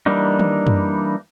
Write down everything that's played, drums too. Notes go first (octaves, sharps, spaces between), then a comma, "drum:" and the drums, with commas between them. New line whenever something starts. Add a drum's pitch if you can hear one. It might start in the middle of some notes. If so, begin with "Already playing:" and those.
E3 G3 A#3 D4 D#4
drum: tom D#3
drum: tom F#2